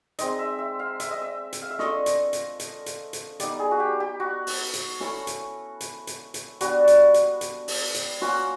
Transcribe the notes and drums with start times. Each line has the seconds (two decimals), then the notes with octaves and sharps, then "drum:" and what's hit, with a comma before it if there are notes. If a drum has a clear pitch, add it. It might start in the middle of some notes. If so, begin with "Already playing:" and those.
0.19 G#3 C4 D#4 D#5, drum: hi-hat
0.39 E5
0.59 E5
0.79 F5
1.00 E5, drum: hi-hat
1.11 D#5
1.22 E5
1.53 drum: hi-hat
1.62 F5
1.70 E5
1.79 A3 D4 F4 D#5, drum: snare
2.06 drum: hi-hat
2.33 drum: hi-hat
2.60 drum: hi-hat
2.86 drum: hi-hat
3.13 drum: hi-hat
3.40 G3 B3 D#4 D5, drum: hi-hat
3.59 G#4
3.71 F#4
3.80 G4
4.00 G4
4.20 F#4
4.47 drum: open hi-hat
4.74 drum: hi-hat
5.00 A3 C#4 E4, drum: snare
5.27 drum: hi-hat
5.81 drum: hi-hat
6.07 drum: hi-hat
6.34 drum: hi-hat
6.61 G3 B3 D4 F#4, drum: hi-hat
6.88 drum: hi-hat
7.14 drum: hi-hat
7.41 drum: hi-hat
7.68 drum: open hi-hat
7.95 drum: hi-hat
8.21 A#3 C#4 F4 F#4, drum: snare